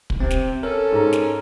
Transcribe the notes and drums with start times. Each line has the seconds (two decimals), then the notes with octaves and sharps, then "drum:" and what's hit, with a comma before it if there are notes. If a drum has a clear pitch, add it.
0.10 drum: kick
0.20 C3 C4
0.30 drum: snare
0.63 C#4 A4 A#4
0.92 G#2 A#5
1.13 drum: snare